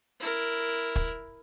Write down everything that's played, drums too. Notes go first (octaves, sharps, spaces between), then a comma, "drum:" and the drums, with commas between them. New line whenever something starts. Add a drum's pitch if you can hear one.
E4 A#4
drum: kick